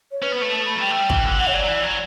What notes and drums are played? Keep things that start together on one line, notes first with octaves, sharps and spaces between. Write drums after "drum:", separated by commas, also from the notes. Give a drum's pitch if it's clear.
C#5
C#4 B4
B3
A3
A5
B5
F#3
G3 G5
A3
G3
E3, drum: kick
D3
E3 F#5
C#5
F#3 D5
F#3
E3
F#3